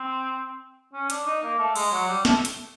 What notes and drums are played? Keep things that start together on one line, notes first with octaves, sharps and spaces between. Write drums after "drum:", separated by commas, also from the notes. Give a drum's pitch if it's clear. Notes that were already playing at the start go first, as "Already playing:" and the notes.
Already playing: C4
C#4
D4, drum: hi-hat
D#4
A#3
A3
G#3, drum: cymbal
F#3
G3
A3, drum: snare
drum: hi-hat